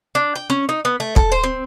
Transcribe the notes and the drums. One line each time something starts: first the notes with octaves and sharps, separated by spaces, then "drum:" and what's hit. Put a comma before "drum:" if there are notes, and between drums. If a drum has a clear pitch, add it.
D4
G5
C#4
D#4
B3
A3
A4, drum: kick
C5
C4